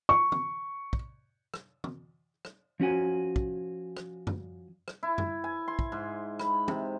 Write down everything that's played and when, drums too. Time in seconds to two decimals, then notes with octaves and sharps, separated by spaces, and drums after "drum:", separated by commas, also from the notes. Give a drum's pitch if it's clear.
0.09 C#6
0.32 drum: tom E3
0.93 drum: kick
1.54 drum: rim click
1.84 drum: tom E3
2.45 drum: rim click
2.80 F3 C#4 F#4 G#5
3.36 drum: kick
3.97 drum: rim click
4.27 drum: tom F#2
4.88 drum: rim click
5.03 E4
5.18 drum: tom F#2
5.44 G#5
5.68 C6
5.79 drum: kick
5.92 G#2
6.39 B5, drum: rim click
6.68 C3, drum: tom